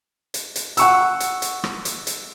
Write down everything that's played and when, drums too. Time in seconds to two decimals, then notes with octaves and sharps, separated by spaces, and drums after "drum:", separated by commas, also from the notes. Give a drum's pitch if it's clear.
0.34 drum: hi-hat
0.56 drum: hi-hat
0.77 F#5 C#6 E6, drum: hi-hat
1.20 drum: hi-hat
1.42 drum: hi-hat
1.64 drum: rim click
1.85 drum: hi-hat
2.07 drum: hi-hat